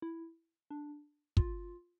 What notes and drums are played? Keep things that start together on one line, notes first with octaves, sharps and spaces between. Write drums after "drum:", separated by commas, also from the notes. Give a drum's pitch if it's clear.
E4
D4
F4, drum: kick